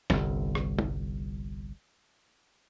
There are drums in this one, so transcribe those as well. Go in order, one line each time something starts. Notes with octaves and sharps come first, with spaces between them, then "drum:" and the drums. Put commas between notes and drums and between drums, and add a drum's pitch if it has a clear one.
G1 C2, drum: snare C4
drum: rim click
drum: tom